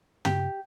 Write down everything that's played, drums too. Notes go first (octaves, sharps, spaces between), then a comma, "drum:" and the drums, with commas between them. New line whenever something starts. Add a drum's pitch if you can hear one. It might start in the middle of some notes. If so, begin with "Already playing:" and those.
G4, drum: tom